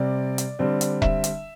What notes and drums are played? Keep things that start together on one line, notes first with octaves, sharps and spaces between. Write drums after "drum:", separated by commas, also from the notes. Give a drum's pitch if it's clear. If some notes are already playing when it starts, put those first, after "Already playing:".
Already playing: C3 G3 C4 D5
drum: hi-hat
D3 G3 C4
drum: hi-hat
E5, drum: kick E1
drum: hi-hat